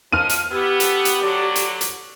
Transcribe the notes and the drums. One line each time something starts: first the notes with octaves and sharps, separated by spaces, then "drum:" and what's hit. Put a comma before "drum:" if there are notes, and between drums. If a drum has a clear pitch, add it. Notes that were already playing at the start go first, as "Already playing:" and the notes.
D#3 F3 F6 D#7
drum: hi-hat
B3 E4 G4
A4, drum: hi-hat
drum: hi-hat
D3 F#3 D5
drum: hi-hat
drum: hi-hat